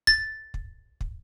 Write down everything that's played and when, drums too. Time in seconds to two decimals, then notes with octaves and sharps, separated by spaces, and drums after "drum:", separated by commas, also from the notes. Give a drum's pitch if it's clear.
0.07 A6, drum: kick
0.54 drum: kick
1.01 drum: kick